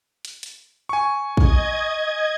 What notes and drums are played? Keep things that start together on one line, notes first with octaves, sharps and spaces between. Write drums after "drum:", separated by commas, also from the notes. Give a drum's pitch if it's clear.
drum: hi-hat
drum: hi-hat
G#5 C#6
D#5 G#6, drum: kick